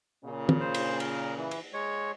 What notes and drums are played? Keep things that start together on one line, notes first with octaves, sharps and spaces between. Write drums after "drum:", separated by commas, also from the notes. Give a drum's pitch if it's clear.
A#2 C#3
drum: tom
C5
drum: cymbal
A#4, drum: cymbal
E3
drum: cymbal
G#3 C#5